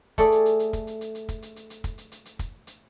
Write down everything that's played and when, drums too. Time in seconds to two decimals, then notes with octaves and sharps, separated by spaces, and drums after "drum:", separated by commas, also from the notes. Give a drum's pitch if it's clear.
0.18 A3 G#4 A4 D5, drum: kick, hi-hat
0.32 drum: hi-hat
0.46 drum: hi-hat
0.59 drum: hi-hat
0.73 drum: kick, hi-hat
0.87 drum: hi-hat
1.01 drum: hi-hat
1.15 drum: hi-hat
1.29 drum: kick, hi-hat
1.42 drum: hi-hat
1.56 drum: hi-hat
1.70 drum: hi-hat
1.84 drum: kick, hi-hat
1.98 drum: hi-hat
2.12 drum: hi-hat
2.25 drum: hi-hat
2.39 drum: kick, hi-hat
2.67 drum: hi-hat